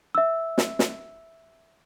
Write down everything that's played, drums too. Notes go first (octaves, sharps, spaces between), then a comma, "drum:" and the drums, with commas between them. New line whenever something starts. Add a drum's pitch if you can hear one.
E5 E6
drum: snare
drum: snare